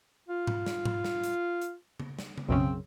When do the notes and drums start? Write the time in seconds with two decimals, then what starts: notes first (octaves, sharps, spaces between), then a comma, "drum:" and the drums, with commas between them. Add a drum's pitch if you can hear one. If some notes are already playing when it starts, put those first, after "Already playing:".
0.28 F4
0.47 drum: tom G#2
0.66 drum: snare
0.85 drum: tom G#2
1.04 drum: snare
1.23 drum: hi-hat
1.62 drum: hi-hat
2.00 drum: tom C#3
2.19 drum: snare
2.38 drum: tom C#3
2.48 B1 F#2 C#3 C4